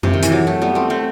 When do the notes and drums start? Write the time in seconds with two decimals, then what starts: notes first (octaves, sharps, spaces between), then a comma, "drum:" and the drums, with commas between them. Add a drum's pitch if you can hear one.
0.03 C3, drum: tom F#2
0.14 D#3
0.22 E3, drum: hi-hat
0.32 F#3
0.47 A3
0.62 G3 B3
0.75 A3 C4
0.90 A3 C4